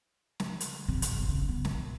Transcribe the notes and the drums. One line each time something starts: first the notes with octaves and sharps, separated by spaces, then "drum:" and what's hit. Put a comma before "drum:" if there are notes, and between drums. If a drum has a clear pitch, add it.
drum: snare
drum: hi-hat
C3
drum: hi-hat
G1
C#3
B3
A#1, drum: snare